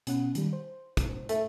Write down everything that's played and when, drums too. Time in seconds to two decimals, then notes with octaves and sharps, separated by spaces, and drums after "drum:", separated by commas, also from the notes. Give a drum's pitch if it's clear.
0.07 B2 C#4 F#5, drum: hi-hat
0.35 D#3 G3, drum: hi-hat
0.53 C5
0.97 drum: kick, hi-hat
1.29 A3 E5, drum: hi-hat